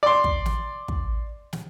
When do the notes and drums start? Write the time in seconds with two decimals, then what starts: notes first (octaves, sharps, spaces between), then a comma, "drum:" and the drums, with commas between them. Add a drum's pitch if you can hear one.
0.03 D5 C6
0.24 drum: kick
0.46 drum: snare
0.88 drum: kick
1.53 drum: snare